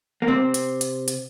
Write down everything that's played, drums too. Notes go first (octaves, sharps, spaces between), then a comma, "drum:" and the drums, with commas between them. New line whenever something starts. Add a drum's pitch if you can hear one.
A#3
C3 C4
drum: hi-hat
drum: hi-hat
drum: hi-hat